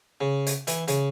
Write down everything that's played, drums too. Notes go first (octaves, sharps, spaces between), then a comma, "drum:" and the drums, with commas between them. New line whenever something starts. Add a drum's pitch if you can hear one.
C#3
drum: hi-hat
E3, drum: hi-hat
C#3, drum: hi-hat